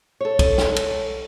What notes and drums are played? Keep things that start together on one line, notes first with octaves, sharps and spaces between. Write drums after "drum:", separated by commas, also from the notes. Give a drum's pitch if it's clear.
A4 C#5
drum: kick, cymbal
drum: snare
drum: cymbal